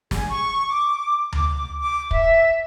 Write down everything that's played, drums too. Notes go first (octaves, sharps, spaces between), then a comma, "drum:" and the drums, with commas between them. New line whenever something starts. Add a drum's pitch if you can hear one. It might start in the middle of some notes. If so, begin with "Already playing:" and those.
G#4, drum: snare
C#6
D6
D6, drum: tom D2
D6
E5, drum: kick